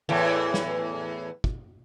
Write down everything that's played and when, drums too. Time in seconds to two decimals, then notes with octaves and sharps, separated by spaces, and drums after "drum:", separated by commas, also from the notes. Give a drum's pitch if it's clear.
0.09 E2 A2 E3
0.54 drum: snare
1.44 drum: kick